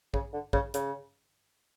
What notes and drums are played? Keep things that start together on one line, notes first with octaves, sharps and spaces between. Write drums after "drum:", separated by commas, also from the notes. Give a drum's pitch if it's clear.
C#3, drum: kick
D3
C#3, drum: kick
C#3, drum: hi-hat